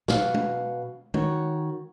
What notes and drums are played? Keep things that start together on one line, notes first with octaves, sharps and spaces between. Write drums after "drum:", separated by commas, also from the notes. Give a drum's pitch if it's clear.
B2 F5 F#5, drum: snare
drum: tom
D#3 F#4 C#5, drum: tom